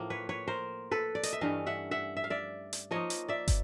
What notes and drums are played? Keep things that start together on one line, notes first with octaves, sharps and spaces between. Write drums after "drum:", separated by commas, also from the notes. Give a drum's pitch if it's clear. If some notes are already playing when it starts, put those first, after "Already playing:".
Already playing: A2 F3 A#3
B4 C#5
B4 C#5
A#4 C5
A4 B4
D5
D#5, drum: hi-hat
E5
G2 E3 A3 C#4 D#5 F5
E5 F#5
E5 F#5
E5
F5
D5 E5
drum: hi-hat
F3 A#3 D#4 C#5 D#5
drum: hi-hat
D5 E5
drum: kick, hi-hat